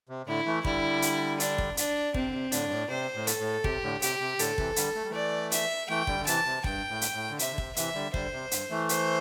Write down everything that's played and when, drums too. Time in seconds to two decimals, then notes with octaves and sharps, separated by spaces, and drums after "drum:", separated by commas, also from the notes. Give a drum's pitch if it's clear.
0.09 C3
0.27 A2 D3 E4
0.46 E3 A3
0.65 D3 G3 E4, drum: kick
1.02 drum: hi-hat
1.40 D4, drum: hi-hat
1.58 drum: kick
1.77 D4, drum: hi-hat
2.14 C3 C4, drum: kick
2.27 D3
2.33 C3
2.52 A2 D3 D4, drum: hi-hat
2.67 G2
2.71 A2
2.90 C3 C5
3.15 A2
3.27 A4, drum: hi-hat
3.40 A2
3.64 C3 G4, drum: kick
3.83 A2 D3
4.02 C3 G4, drum: hi-hat
4.20 C3
4.39 A2 D3 A4, drum: hi-hat
4.58 C3 E3, drum: kick
4.76 D3 G3, drum: hi-hat
4.95 A3
5.03 G3
5.09 E3 A3 D5
5.52 E5, drum: hi-hat
5.89 E3 A3 G5
6.07 D3 G3, drum: kick
6.20 D3
6.27 C3 E3 A5, drum: hi-hat
6.46 C3
6.64 G2 G5, drum: kick
6.90 A2
7.02 drum: hi-hat
7.14 A2
7.31 D3
7.39 C3 E5, drum: hi-hat
7.52 D3
7.58 C3, drum: kick
7.76 C3 E3 E5, drum: hi-hat
7.95 D3 G3
8.14 D3 G3 C5, drum: kick
8.33 C3
8.51 G2, drum: hi-hat
8.70 E3 A3
8.89 C5, drum: hi-hat